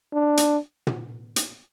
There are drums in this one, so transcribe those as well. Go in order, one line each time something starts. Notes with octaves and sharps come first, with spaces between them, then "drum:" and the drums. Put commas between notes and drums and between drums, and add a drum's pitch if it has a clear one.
D4
drum: hi-hat
drum: tom
drum: hi-hat